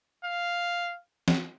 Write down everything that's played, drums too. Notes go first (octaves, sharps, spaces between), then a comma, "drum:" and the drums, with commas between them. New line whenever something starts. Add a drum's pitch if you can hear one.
F5
drum: snare